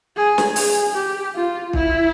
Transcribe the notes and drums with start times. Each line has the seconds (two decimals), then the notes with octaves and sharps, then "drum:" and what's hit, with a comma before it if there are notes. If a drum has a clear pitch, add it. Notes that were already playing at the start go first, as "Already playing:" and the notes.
0.16 G#4
0.38 drum: snare
0.56 G#4, drum: open hi-hat
0.94 G4
1.35 F4
1.73 E4, drum: kick B1